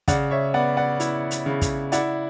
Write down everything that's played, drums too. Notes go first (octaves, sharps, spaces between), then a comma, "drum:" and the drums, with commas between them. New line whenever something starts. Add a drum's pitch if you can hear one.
C#3 D5 F#5, drum: kick, hi-hat
C#5 E5
B3 D5 F#5
D5 F#5
E4, drum: hi-hat
drum: hi-hat
C#3
drum: kick, hi-hat
E4 D5 F#5, drum: hi-hat